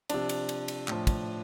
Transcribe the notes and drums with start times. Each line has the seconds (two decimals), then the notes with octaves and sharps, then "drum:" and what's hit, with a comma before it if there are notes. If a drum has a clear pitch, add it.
0.10 C3 F3 D4, drum: cymbal
0.29 drum: cymbal
0.49 drum: cymbal
0.68 drum: cymbal
0.88 A2 F3, drum: clap
1.07 drum: kick, cymbal